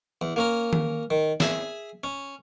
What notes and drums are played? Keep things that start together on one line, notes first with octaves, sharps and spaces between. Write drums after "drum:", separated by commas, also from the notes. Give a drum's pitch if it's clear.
E2
A#3 C#4 A#4
drum: tom D#3
D#3
G#4 E5 G#5, drum: snare
C#4